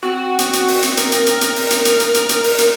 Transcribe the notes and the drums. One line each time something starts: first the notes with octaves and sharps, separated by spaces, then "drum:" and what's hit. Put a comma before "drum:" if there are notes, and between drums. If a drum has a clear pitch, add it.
C4 F#4
drum: hi-hat
drum: hi-hat
drum: open hi-hat
drum: hi-hat
A#4, drum: hi-hat
drum: hi-hat
drum: hi-hat
drum: hi-hat
drum: open hi-hat
drum: hi-hat
drum: hi-hat
drum: hi-hat
drum: hi-hat
drum: hi-hat
drum: open hi-hat
drum: hi-hat